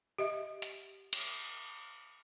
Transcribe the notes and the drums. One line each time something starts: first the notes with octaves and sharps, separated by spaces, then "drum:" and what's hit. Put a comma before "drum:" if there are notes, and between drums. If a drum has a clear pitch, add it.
G4 D#5 E5
drum: hi-hat
drum: cymbal